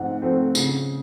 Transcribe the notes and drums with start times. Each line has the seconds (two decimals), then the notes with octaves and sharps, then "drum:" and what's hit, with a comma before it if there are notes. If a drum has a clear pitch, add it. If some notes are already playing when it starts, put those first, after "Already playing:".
Already playing: G#2 F3 A3 C4 F#5
0.22 F3 A3 C4
0.55 C#3, drum: tambourine